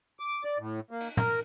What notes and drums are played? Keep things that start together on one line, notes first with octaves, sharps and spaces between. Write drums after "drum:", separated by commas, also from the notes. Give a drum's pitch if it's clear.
D6
D5
A2
A#3
drum: cymbal
A#4, drum: tom